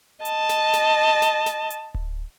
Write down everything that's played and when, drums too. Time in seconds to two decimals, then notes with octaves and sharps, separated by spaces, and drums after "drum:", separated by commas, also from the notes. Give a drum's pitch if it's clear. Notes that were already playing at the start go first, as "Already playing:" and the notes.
0.25 D#5 A5, drum: hi-hat
0.49 drum: snare
0.73 drum: snare
1.22 drum: snare
1.46 drum: snare
1.70 drum: hi-hat
1.95 drum: kick D1